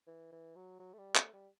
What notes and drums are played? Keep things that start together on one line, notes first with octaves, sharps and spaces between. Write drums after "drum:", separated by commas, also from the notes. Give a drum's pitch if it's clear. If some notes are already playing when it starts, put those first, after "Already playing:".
E3
E3
F#3
F#3
A3
G3
A3, drum: clap
G3